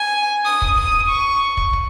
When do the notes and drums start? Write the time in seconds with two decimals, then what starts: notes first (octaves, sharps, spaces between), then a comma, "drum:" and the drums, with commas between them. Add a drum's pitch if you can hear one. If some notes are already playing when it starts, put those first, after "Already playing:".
Already playing: G#5
0.46 D#6
0.62 drum: kick
0.78 D#6, drum: kick
1.09 C#6
1.57 drum: kick
1.73 drum: kick